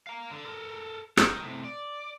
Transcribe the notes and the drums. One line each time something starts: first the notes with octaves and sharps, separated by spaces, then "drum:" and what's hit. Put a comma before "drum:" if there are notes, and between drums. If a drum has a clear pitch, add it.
F5 A#5
D3
A4 A#4
D#4 A#4, drum: rim click
A2 C3
D5